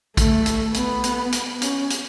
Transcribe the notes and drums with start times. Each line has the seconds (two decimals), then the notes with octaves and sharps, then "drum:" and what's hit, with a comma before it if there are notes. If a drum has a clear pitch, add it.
0.17 A3, drum: kick A#1, hi-hat
0.46 drum: hi-hat
0.74 B3, drum: hi-hat
1.04 drum: hi-hat
1.32 drum: hi-hat
1.62 C#4, drum: hi-hat
1.90 drum: hi-hat